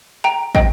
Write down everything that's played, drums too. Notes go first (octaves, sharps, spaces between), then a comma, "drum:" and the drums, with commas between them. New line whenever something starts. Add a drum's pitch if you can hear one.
G5 A#5
D#5 G5, drum: kick